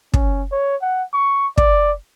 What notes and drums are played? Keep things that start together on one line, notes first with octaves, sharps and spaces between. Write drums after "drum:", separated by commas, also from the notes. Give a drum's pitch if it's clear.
C#4, drum: kick
C#5
F#5
C#6
D5, drum: kick